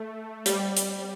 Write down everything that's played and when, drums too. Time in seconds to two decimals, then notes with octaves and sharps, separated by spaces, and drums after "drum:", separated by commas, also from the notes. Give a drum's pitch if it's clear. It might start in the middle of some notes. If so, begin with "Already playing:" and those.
Already playing: A3
0.46 G3, drum: hi-hat
0.77 drum: hi-hat